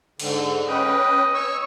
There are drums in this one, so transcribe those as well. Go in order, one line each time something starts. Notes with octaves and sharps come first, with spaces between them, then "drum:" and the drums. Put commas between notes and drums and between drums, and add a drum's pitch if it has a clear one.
G#2 D3, drum: cymbal
C#4 B4 D#5 G5
C#5 C#6 E6